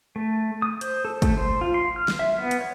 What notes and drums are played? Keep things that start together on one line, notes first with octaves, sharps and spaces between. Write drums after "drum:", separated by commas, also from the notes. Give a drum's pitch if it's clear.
A3
D#6
C5, drum: hi-hat
A4
A3, drum: kick, hi-hat
C5
F4
C6
F6
drum: snare
E5
B3
drum: hi-hat
C#5